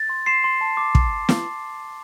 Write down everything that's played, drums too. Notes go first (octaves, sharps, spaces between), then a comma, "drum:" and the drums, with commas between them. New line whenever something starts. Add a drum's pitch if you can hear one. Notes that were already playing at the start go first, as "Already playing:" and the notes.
Already playing: A6
C6
C6 C7 E7
C6
A5
D6
drum: kick
drum: snare